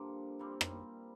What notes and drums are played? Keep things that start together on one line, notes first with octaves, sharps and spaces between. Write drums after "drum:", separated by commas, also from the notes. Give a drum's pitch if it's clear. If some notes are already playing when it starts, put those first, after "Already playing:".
Already playing: G2 D3 F3 A#3 D4
A#2 G3 C4
drum: rim click